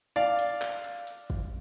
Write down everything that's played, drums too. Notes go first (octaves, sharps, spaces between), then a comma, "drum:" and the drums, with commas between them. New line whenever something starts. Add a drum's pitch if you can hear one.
D5 F5, drum: hi-hat
drum: hi-hat
drum: clap
drum: hi-hat
drum: hi-hat
drum: kick